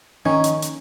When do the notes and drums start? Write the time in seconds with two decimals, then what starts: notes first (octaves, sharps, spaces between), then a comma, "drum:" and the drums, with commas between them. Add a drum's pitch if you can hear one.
0.25 D#3 C#4
0.44 drum: hi-hat
0.62 drum: hi-hat